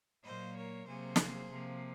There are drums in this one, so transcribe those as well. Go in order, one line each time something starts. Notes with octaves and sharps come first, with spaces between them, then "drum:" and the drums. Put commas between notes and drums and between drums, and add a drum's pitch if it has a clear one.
A#2 F#3 A#3 C5 D#5
A#4 C#5
C3 F#3 A#3 G#4 C5
drum: snare
C3 F3 A#3